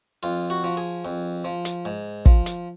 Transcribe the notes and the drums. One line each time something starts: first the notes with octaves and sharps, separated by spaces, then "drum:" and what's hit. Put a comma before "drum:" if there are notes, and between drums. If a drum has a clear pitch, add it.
F2 F4
F#4
F3
G#4
F2
F3
drum: hi-hat
G#2
F3, drum: kick
drum: hi-hat